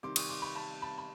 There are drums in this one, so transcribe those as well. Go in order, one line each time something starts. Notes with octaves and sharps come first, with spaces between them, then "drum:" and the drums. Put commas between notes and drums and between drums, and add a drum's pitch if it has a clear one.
C3 D#3 G3 C6 D6
C#6 D#6, drum: cymbal
C6 D6
B5 C#6
A5 B5
A5 B5
B5